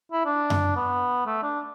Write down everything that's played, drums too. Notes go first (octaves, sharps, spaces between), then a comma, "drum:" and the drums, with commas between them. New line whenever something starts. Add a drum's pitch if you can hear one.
E4
D4
drum: tom F#2
B3
A3
D4